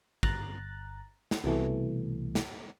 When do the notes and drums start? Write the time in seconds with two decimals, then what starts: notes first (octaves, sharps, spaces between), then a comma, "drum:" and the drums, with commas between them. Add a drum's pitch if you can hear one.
0.23 G1 A#5 F#6 A6, drum: kick G#1
1.31 drum: snare
1.44 C2 B2 E3 A3
2.35 drum: snare